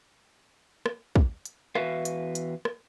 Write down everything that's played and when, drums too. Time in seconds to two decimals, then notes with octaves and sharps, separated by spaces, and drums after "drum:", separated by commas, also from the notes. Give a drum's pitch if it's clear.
0.86 drum: rim click
1.16 drum: kick
1.45 drum: hi-hat
1.75 E2 A3 F#4 B4 E5 F5, drum: rim click
2.05 drum: hi-hat
2.35 drum: hi-hat
2.65 drum: rim click